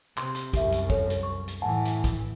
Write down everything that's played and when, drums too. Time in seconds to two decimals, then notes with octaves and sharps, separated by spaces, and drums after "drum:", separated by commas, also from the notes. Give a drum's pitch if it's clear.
0.18 C3 C6, drum: clap
0.35 drum: hi-hat
0.53 C2 F#2 G4 E5, drum: kick, hi-hat
0.72 drum: hi-hat
0.90 A4 C#5, drum: kick
1.10 drum: hi-hat
1.23 C#6
1.48 drum: hi-hat
1.62 A2 E3 F#5 G#5 A5
1.85 drum: hi-hat
2.04 drum: kick, hi-hat